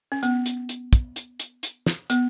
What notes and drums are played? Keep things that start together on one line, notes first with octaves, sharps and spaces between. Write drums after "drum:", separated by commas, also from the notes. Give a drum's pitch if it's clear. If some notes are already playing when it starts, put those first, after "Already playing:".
C#4
B3, drum: hi-hat
drum: hi-hat
drum: hi-hat
drum: kick, hi-hat
drum: hi-hat
drum: hi-hat
drum: hi-hat
drum: snare
B3, drum: hi-hat